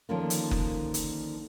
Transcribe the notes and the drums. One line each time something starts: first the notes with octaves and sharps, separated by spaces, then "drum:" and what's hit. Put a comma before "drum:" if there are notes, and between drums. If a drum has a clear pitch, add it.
D3 D#3 F3 A#3 C#4 D4
drum: hi-hat
drum: kick F#1
drum: hi-hat